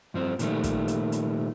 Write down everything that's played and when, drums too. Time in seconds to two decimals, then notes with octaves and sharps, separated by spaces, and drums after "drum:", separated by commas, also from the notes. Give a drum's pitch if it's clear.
0.14 G2 F3 C4
0.39 A#2 D#3 F3 G3 A3, drum: hi-hat
0.64 drum: kick, hi-hat
0.88 drum: hi-hat
1.12 drum: hi-hat